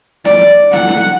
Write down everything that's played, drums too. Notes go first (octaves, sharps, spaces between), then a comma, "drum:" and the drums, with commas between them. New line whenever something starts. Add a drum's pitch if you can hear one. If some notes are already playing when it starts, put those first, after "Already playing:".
D5, drum: snare
F#5, drum: snare
drum: snare